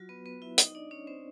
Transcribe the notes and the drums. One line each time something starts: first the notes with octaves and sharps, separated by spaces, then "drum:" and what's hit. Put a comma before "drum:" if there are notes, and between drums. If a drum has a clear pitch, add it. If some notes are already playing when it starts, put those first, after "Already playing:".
Already playing: F#3 F4 F#4
B3 B4
B3 B4
E4 E5
D#4 D#5, drum: hi-hat
D4 D5
C#4 C#5
C4 C5